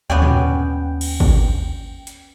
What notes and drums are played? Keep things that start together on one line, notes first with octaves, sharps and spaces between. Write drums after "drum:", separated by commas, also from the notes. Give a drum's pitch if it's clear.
D#2 B3 C#4 D5 G5
drum: tom
drum: cymbal
drum: kick
drum: hi-hat